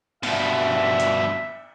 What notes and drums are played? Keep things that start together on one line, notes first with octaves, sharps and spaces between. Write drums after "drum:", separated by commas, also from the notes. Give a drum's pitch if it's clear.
G2 B2 E5, drum: cymbal
drum: hi-hat